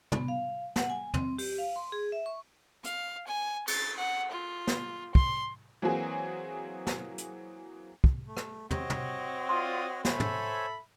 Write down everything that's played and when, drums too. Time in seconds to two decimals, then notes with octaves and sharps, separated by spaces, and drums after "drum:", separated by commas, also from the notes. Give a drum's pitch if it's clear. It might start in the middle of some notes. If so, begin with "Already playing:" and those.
0.12 B3, drum: tom
0.28 F5
0.76 F#5, drum: snare
0.90 G#5
1.14 C4, drum: tom
1.38 G4, drum: open hi-hat
1.58 F5
1.76 C6
1.92 G#4
2.12 E5
2.26 C#6
2.84 F5, drum: hi-hat
3.27 G#5
3.68 A6, drum: cymbal
3.98 F#5
4.32 F4
4.67 drum: snare
5.15 C6, drum: kick
5.82 E3 F#3 A#3 C4 F#4 G#4
6.87 drum: snare
7.18 drum: hi-hat
8.04 drum: kick
8.27 A3
8.37 drum: rim click
8.71 C4 F#4 G4 C#5 D#5, drum: tom
8.90 drum: tom
9.49 F4 D5 C6 D#6
10.05 A4 C5 C#5 E5 G#5 B5, drum: snare
10.20 drum: tom